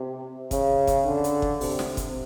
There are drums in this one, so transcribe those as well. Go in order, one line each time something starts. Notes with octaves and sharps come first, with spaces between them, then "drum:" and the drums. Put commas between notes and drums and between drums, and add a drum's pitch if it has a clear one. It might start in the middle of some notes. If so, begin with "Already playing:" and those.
Already playing: C3
C#3, drum: kick, hi-hat
drum: kick, hi-hat
D3
drum: hi-hat
drum: kick
C3, drum: open hi-hat
drum: snare
drum: kick, hi-hat